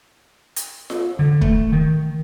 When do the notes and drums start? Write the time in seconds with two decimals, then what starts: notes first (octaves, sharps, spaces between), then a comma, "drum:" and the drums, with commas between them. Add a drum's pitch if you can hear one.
0.56 drum: hi-hat
0.90 drum: snare F4
1.19 D3
1.41 A3, drum: kick
1.72 D#3